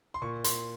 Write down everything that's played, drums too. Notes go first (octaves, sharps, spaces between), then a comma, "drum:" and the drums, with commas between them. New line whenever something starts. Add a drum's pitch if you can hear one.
C6
A#2 C#6
C6, drum: hi-hat